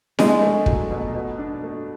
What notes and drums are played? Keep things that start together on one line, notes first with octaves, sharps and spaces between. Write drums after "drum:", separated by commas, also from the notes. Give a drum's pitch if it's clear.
G#3 D4, drum: snare E4
A3
F#3, drum: kick
B2
B2
D4
A3